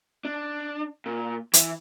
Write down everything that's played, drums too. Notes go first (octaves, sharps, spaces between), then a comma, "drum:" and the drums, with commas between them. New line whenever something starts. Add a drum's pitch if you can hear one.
D4
A#2
E3, drum: hi-hat